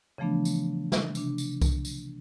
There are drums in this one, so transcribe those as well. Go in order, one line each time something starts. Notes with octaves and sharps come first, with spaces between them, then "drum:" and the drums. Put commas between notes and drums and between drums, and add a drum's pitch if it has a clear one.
C#3 E3 F3 A3 B3 D4
drum: tambourine
drum: snare
C3 D4, drum: tambourine
drum: tambourine
drum: kick C2, tambourine
drum: tambourine